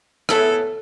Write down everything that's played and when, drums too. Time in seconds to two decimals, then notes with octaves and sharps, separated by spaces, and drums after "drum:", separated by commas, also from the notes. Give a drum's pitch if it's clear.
0.29 B3 E4 G#4 A4 C#5 E5, drum: rim click